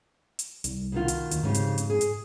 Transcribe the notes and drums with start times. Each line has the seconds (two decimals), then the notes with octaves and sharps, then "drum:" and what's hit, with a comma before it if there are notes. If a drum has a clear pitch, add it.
0.39 drum: hi-hat
0.64 C2, drum: hi-hat
0.92 B2 D#3 F4
1.08 drum: hi-hat
1.31 D#2, drum: hi-hat
1.43 F2 G#2 C#3 G4
1.54 drum: hi-hat
1.78 drum: hi-hat
1.90 G#4
2.01 drum: hi-hat